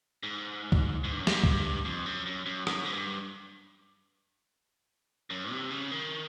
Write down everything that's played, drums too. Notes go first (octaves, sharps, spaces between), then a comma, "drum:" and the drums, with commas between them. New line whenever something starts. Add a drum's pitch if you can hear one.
G#2
drum: kick C#2
G#2
G2
F#2
G2, drum: snare
drum: kick C#2
F2
F#2
F#2
F#2
F#2, drum: rim click
G#2
G2
F#2
C3
C#3
D#3